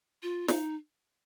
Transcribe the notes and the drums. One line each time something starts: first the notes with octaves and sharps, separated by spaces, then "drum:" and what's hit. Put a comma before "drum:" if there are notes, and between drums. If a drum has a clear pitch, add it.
F4
D#4, drum: snare